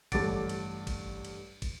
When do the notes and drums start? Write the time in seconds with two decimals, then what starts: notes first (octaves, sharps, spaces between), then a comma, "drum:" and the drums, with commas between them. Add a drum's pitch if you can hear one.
0.12 A1 G2 A4 D6 A6 D7, drum: kick, cymbal
0.49 drum: cymbal
0.87 drum: kick, cymbal
1.24 drum: cymbal
1.62 drum: kick, cymbal